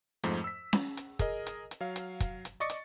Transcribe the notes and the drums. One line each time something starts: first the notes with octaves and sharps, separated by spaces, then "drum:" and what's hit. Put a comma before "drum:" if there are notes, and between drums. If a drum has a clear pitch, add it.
F2 G#2 F3 A3, drum: hi-hat
E6 B6
drum: snare C#4
drum: hi-hat
G#4 A#4 D#5, drum: kick, hi-hat
drum: hi-hat
drum: hi-hat
F#3 F5
drum: hi-hat
drum: kick, hi-hat
drum: hi-hat
D5 D#5 C#6 D6 A6 C#7
drum: hi-hat